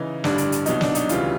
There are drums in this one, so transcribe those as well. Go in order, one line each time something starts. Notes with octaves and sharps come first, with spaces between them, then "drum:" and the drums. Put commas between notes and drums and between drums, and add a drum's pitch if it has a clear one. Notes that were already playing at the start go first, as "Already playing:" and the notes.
Already playing: C#3 E3 D#4
A1 G2 D3 G3 D4, drum: snare
drum: hi-hat
drum: hi-hat
C2 B2 F#3 D#4, drum: hi-hat
D4, drum: snare
D#4, drum: hi-hat
D2 C#3 E3 G3 F4, drum: hi-hat